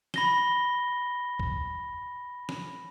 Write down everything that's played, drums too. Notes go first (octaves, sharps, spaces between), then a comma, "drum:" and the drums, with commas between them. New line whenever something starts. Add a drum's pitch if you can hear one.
B5 A#6 G7, drum: snare
drum: kick C#2
drum: snare